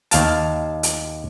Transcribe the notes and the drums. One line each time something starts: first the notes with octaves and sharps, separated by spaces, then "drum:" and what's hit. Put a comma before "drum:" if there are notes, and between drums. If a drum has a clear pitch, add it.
D#2 F5 A5, drum: hi-hat
drum: hi-hat